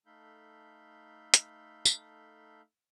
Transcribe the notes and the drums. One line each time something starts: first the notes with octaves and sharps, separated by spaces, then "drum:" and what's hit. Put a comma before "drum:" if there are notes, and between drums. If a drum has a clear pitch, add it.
A3 D#4 A4 F5 B5 G6
drum: hi-hat
drum: tambourine